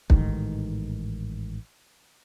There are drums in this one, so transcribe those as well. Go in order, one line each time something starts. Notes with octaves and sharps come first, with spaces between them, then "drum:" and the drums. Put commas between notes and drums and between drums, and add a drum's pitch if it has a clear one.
A1 G#2 D#3, drum: kick